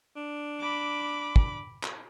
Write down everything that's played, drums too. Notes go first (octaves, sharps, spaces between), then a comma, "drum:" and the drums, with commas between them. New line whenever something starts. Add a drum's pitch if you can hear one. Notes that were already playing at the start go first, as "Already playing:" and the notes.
D4
B5 D6
drum: kick
drum: clap